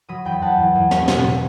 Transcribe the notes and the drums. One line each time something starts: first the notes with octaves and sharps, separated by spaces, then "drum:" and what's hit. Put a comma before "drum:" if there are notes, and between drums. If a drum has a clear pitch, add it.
F#3 B5 D#6
E2 G5 B5
E2 F#5 A5
E2
E2
B3, drum: snare
B2, drum: snare
B2